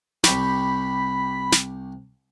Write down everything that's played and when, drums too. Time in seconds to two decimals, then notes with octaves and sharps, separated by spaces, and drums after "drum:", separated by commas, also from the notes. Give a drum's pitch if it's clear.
0.24 C2 G4 B5 C#6, drum: snare
1.52 drum: snare